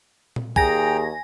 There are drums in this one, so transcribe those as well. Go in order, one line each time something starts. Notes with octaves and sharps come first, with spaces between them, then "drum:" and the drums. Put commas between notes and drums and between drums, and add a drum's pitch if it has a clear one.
drum: tom A#2
D#2 G#4 G5 G#5 A#5 A#6, drum: kick